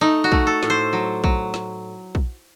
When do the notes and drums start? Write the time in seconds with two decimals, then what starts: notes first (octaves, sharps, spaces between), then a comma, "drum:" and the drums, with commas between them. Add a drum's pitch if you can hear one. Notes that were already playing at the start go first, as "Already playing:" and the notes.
0.01 A3 D#4
0.24 F#4
0.32 A3, drum: kick A#1
0.47 A4
0.63 A2, drum: snare
0.70 C5
0.93 F#3
1.24 F#3, drum: kick A#1
1.54 drum: snare
2.15 drum: kick A#1